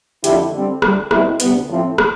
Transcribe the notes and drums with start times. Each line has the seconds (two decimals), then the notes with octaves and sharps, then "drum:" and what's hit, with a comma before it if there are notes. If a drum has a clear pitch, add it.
0.24 F2 D3 A3 E4 G4, drum: hi-hat
0.53 D3 G3 C4
0.82 D2 D3 G3, drum: rim click
1.11 B2 G3 C4 E4, drum: rim click
1.40 D2 C3 G3 B3, drum: hi-hat
1.69 A2 F3 A3 C4
1.98 drum: rim click